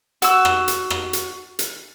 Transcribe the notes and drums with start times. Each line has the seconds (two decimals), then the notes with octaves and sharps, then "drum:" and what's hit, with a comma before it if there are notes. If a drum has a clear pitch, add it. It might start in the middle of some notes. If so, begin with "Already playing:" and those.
0.22 F#4 E6, drum: hi-hat
0.45 drum: rim click
0.68 drum: hi-hat
0.90 drum: rim click
1.13 drum: hi-hat
1.59 drum: hi-hat